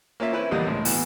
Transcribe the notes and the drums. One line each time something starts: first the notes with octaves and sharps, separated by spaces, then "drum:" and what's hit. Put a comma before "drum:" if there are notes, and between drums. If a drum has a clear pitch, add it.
A#3 C#4 F4 E5
C4 C#4 E4 B4
A#1 E2 G3 A#3 D#5
C#2 A2
B2 E3, drum: open hi-hat